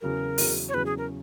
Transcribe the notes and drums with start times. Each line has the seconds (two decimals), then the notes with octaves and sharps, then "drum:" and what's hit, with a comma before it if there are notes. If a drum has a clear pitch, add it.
0.01 E2 C#3 F#3 A#4
0.38 E2 C#3 F#3, drum: open hi-hat
0.69 C#5
0.74 E2 C#3 F#3 B4
0.86 G#4
0.98 A#4